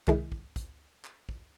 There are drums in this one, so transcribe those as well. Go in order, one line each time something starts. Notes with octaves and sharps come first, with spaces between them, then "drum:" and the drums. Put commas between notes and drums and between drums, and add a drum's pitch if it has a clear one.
C2 D#3 G#3 E4 G#4, drum: clap
drum: kick
drum: kick, hi-hat
drum: clap
drum: kick